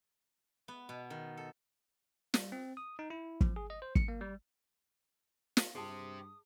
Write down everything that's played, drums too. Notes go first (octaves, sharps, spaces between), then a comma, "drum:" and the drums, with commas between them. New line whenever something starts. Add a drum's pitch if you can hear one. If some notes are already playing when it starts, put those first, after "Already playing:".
B3
B2
D#3
A4
G3, drum: snare
C4
D#6
D#4
E4
F3, drum: kick
G#4
D#5
C5
C#7, drum: kick
A#3
G3
drum: snare
G2 G4 G#4 C5 A5 D#6